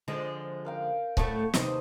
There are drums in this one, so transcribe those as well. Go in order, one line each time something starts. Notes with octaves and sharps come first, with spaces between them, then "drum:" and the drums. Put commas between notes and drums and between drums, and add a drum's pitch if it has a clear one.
D3 F3 G#3
A#4 F5 G5
A2 F#3 A3 C#5 A5 C#6, drum: kick C#1
D#2 C3 B4 C5 D#5, drum: snare